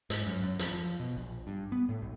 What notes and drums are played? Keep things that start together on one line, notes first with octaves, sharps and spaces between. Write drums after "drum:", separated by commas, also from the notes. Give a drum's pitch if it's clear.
G#2, drum: hi-hat
F#2
F#2
F2, drum: hi-hat
F3
B2
A#1
G2
B3
A2
B1